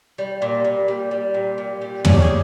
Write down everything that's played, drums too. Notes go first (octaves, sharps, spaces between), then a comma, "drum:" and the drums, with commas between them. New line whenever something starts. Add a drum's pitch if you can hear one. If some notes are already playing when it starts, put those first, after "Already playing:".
G3
A#2
A#2
G3
G3
A#2
A#2
G3
C#3 G#4, drum: tom
G4
G#4